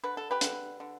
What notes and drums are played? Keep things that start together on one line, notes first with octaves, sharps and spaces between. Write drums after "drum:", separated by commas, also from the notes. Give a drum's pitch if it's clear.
D3 B4
A4
G4 B4
D3, drum: hi-hat
D3